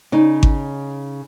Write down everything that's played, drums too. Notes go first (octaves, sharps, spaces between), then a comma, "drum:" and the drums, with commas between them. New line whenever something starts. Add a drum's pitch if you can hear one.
C#3 D#4
drum: kick G#1